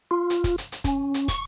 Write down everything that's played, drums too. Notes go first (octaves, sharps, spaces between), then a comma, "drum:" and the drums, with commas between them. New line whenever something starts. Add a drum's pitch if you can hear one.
F4
drum: hi-hat
drum: kick, hi-hat
drum: hi-hat
drum: hi-hat
C#4, drum: kick, hi-hat
drum: hi-hat
C#6, drum: kick, hi-hat